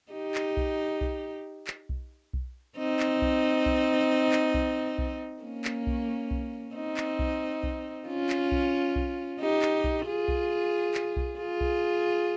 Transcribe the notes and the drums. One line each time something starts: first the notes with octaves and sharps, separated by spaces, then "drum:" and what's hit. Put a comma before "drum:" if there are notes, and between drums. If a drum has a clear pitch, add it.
D#4 G4
drum: clap
drum: kick B1
drum: kick B1
drum: clap
drum: kick B1
drum: kick B1
C4 D#4
drum: clap
drum: kick B1
drum: kick B1
drum: clap
drum: kick B1
drum: kick B1
A#3 C#4
drum: clap
drum: kick B1
drum: kick B1
C4 D#4
drum: clap
drum: kick B1
drum: kick B1
C#4 F4
drum: clap
drum: kick B1
drum: kick B1
D#4 G4
drum: clap
drum: kick B1
F4 G#4
drum: kick B1
drum: clap
drum: kick B1
F4 G#4
drum: kick B1